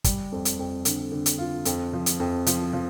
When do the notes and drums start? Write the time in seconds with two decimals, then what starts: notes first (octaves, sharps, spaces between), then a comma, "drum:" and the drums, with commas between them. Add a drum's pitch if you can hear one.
0.04 G3, drum: kick, hi-hat
0.32 F2
0.45 drum: hi-hat
0.59 F2
0.85 D3, drum: hi-hat
1.12 D3
1.26 drum: hi-hat
1.39 F4
1.65 F2, drum: hi-hat
1.93 F3
2.06 drum: hi-hat
2.20 F2
2.47 F3, drum: hi-hat
2.73 F3